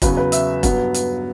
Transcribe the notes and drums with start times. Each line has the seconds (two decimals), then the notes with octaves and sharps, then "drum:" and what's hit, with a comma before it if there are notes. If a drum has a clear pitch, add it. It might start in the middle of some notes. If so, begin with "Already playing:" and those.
0.02 E2 C#3 F#3 B4, drum: kick F1, hi-hat
0.17 B4
0.32 E5, drum: hi-hat
0.63 G2 F#3 B3, drum: kick F1, hi-hat
0.94 drum: hi-hat